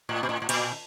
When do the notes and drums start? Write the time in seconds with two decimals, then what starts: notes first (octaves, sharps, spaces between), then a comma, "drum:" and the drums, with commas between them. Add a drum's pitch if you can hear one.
0.09 A2
0.23 A#2
0.29 A2
0.42 A2
0.49 A#2, drum: cymbal